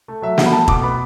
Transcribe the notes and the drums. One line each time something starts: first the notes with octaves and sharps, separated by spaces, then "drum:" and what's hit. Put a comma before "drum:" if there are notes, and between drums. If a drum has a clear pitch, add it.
A3
F#3 E5
A3 F#5, drum: snare
B5
A3 A5
B2 D6, drum: kick F1
B3 B5